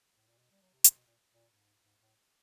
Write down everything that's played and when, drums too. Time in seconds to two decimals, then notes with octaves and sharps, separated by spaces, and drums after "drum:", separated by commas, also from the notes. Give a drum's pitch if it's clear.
0.16 A2
0.27 A#2
0.38 B2
0.51 G3
0.62 F#3
0.73 C3
0.84 C3, drum: hi-hat
0.94 B2
1.07 A#2
1.34 A#2
1.51 G#2
1.84 G#2
2.01 A2